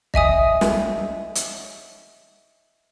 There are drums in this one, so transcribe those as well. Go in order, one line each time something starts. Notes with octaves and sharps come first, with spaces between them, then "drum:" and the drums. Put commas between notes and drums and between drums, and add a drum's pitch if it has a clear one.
D#5 E5 G#5 D#6, drum: kick
drum: snare
drum: hi-hat